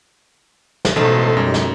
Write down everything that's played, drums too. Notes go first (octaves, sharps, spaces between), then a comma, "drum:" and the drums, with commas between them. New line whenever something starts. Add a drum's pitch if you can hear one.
drum: snare
A1 B2 F#3 G#3 A3 D#4 A4 C5
F#2 G3
drum: snare